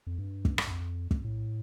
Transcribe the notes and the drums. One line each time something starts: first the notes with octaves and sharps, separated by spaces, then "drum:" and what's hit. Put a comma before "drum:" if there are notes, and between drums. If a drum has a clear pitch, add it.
F2
G2
drum: kick
drum: rim click
G2
F2
drum: kick
A2